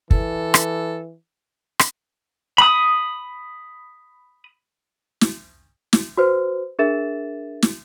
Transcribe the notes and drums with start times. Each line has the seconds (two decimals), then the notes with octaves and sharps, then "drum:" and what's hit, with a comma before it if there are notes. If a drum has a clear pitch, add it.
0.11 E3 A4, drum: kick
0.54 drum: rim click
1.79 drum: rim click
2.58 B5 D#6
5.21 drum: snare
5.93 drum: snare
6.17 F#4 B4 C5
6.79 D4 G#4 A#4 E5 A6 E7
7.62 drum: snare